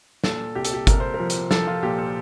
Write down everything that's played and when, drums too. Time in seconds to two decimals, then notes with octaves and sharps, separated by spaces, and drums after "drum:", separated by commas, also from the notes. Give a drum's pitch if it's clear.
0.24 A#2 A4, drum: snare
0.55 C2 G4
0.65 A4, drum: hi-hat
0.74 G4
0.87 C2 A#4, drum: kick G1, hi-hat
1.00 C5
1.14 A#4
1.20 F3
1.30 drum: hi-hat
1.51 F3 A4, drum: snare
1.67 F4
1.83 A#2 G4
1.98 A4